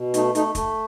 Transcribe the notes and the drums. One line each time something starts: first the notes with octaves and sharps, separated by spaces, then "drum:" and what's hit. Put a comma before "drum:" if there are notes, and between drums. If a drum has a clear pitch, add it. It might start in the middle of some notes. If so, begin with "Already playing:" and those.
Already playing: B2
A3 D#4, drum: hi-hat
A3 D#4, drum: hi-hat
A3, drum: kick, hi-hat